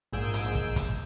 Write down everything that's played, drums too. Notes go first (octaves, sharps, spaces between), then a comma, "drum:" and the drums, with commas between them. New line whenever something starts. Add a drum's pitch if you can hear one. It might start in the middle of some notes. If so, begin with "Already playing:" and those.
A#1 G#2 G#4 E6 G6 D7
drum: hi-hat
drum: kick
drum: kick, hi-hat